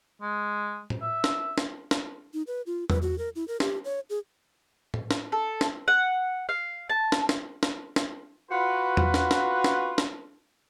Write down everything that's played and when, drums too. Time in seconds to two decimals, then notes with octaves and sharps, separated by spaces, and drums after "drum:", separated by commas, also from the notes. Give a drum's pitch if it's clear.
0.22 G#3
0.90 drum: tom A2
1.01 E5
1.24 drum: snare
1.58 drum: snare
1.91 drum: snare
2.34 D#4
2.47 B4
2.66 F4
2.90 B4, drum: tom E2
3.02 F#4
3.18 A#4
3.36 E4
3.48 A#4
3.60 G4, drum: snare
3.84 C#5
4.10 G#4
4.94 drum: tom A2
5.11 drum: snare
5.32 A4
5.61 drum: snare
5.88 F#5
6.49 F5
6.90 A5
7.12 drum: snare
7.29 drum: snare
7.63 drum: snare
7.96 drum: snare
8.50 F4 F#4 B4
8.97 drum: tom E2
9.14 drum: snare
9.31 drum: snare
9.64 drum: snare
9.98 drum: snare